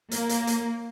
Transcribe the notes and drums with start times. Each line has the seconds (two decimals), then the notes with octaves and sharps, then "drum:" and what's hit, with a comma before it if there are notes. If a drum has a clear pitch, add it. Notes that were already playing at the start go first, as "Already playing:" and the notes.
0.11 A#3, drum: hi-hat
0.29 drum: hi-hat
0.47 drum: hi-hat